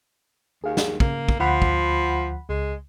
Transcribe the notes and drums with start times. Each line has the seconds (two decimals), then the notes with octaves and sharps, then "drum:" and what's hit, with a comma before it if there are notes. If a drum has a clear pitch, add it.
0.64 D#2 G#4 F5
0.77 drum: snare
1.00 C#3 A#3, drum: kick
1.29 drum: kick
1.40 D2 F3 F#5 B5
1.62 drum: kick
2.49 C#2 G#3